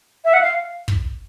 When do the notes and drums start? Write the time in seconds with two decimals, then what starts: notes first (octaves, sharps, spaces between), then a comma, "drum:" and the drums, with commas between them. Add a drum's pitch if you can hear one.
0.25 E5
0.33 F#5
0.41 F5
0.88 drum: kick